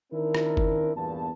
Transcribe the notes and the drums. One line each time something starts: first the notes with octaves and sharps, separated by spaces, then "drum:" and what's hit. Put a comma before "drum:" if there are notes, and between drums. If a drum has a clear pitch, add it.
D#3 C4 D4 E4 A#4
drum: rim click
drum: kick G1
E2 G2 A#2 E3 B3 A5